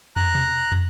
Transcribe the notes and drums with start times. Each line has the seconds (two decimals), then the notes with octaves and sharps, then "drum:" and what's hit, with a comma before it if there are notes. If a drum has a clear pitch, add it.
0.16 A#5 F#6, drum: tom
0.35 drum: tom B2
0.72 drum: tom